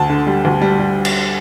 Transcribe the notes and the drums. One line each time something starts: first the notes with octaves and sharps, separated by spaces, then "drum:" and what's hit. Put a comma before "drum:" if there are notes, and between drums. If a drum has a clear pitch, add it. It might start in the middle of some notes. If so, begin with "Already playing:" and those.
Already playing: D2 A5
D3
G3
D2
G3
G3
drum: cymbal